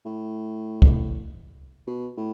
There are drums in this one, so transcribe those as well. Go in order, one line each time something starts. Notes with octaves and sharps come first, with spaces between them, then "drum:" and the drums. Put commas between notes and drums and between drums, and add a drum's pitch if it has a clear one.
A2
drum: kick
B2
A2